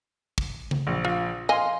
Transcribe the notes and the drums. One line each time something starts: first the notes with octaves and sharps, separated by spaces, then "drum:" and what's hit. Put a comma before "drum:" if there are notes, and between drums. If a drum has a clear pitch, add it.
drum: kick
drum: tom C#3
A#1
F4
D#5 F5 G#5 C6